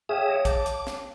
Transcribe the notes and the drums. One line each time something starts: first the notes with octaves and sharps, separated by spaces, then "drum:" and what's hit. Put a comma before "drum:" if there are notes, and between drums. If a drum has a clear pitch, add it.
G#4 C#5 E5 F5 G5 D#6
A#6 C#7 D7
A5 D6 G6, drum: kick, hi-hat
drum: hi-hat
drum: snare